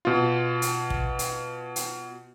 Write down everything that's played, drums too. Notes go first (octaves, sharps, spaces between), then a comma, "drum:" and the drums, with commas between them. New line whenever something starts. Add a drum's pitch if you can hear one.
B2 F4
drum: hi-hat
drum: kick
drum: hi-hat
drum: hi-hat